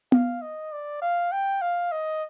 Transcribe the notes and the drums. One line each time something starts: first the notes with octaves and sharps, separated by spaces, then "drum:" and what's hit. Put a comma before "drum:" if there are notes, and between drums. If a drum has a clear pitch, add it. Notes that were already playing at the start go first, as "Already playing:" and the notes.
F5, drum: tom B3
D#5
D5
F5
G5
F5
D#5